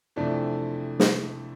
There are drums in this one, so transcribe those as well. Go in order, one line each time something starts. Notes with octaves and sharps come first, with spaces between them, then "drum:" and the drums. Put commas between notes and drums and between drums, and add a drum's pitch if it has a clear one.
F2 C3 E3 A3 D4
drum: snare